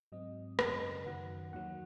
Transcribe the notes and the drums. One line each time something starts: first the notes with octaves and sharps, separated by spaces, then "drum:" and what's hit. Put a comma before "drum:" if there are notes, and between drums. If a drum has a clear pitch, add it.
G#2 F#3 C4 D#5
F#2 C#3 F#3, drum: rim click
F#2 D#3 F#3 F#5
D#2 D#3 F#3 F#5